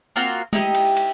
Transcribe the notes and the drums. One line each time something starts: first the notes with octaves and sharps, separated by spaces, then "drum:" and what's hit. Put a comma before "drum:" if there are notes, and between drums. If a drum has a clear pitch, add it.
A#3 C4 F4 F#4
D#4 E4 G4 D#5, drum: tom G#3
drum: cymbal
drum: cymbal